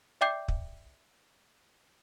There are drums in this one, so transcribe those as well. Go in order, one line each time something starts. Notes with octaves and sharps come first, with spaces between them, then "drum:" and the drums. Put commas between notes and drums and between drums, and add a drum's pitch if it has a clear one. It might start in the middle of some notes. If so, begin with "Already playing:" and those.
D5 E5 G5 D6 G6 C7
drum: kick